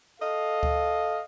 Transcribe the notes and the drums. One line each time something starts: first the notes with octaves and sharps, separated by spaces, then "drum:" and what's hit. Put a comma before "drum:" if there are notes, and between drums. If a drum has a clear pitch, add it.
A4 D#5 F5
drum: kick D2